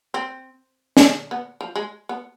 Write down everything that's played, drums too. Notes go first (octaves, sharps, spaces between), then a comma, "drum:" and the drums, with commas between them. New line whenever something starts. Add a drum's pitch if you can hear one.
C4
drum: snare
B3
F3
G#3
B3